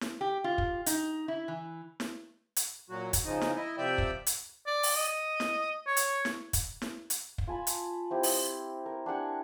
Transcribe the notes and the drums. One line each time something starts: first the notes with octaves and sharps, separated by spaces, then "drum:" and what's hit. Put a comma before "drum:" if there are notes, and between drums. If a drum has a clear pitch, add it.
drum: snare
G4
F4
drum: kick
D#4, drum: hi-hat
E4
E3
drum: snare
drum: hi-hat
A#2 F#3 F#4
drum: kick, hi-hat
C#3 F3 D#4
drum: snare
E4 D#5
C3 F3 D5 E5 G5
drum: kick
drum: hi-hat
D5
drum: open hi-hat
D#5
drum: snare
C#5
drum: hi-hat
drum: snare
drum: kick, hi-hat
drum: snare
drum: hi-hat
drum: kick
F4 G#5 A5 B5
drum: hi-hat
C4 E4 G4
drum: open hi-hat
A#4
D4 G4 F#5 G#5